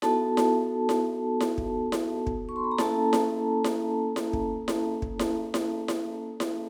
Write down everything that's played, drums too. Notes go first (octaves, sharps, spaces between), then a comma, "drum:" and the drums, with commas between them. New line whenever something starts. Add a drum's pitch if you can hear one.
B3 D#4 F#4 A4 A5, drum: snare E4
drum: snare E4
drum: snare E4
drum: snare E4
drum: kick
drum: snare E4
drum: kick
C#6
C6
B5
A#5
A#3 C#4 E4 A4 A5, drum: snare E4
drum: snare E4
drum: snare E4
drum: snare E4
drum: kick
drum: snare E4
drum: kick
drum: snare E4
drum: snare E4
drum: snare E4
drum: snare E4